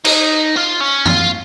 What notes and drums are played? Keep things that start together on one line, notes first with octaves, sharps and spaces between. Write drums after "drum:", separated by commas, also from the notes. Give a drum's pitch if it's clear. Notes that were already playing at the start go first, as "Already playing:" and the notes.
D#4, drum: cymbal
F4
C#4
F4, drum: tom F#2